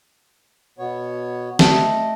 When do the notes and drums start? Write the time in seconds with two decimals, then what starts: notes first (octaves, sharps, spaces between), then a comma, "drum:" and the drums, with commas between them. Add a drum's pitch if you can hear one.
0.78 B2 B3 C#5
1.59 A3 D#5, drum: snare